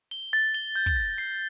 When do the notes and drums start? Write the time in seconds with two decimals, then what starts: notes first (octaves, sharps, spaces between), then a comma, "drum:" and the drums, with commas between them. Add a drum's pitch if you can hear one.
0.11 G7
0.33 A6
0.54 G7
0.76 G6
0.86 drum: kick
0.96 A#6
1.18 C7